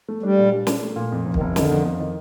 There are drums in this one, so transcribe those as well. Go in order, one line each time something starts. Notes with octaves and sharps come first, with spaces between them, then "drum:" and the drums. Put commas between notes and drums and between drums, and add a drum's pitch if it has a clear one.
A3
G3 D4
A#2
D4
D4, drum: snare
A3
A#2
F2
F1
D#3, drum: kick
F1
D3 D#3, drum: snare
F2
F2
D#3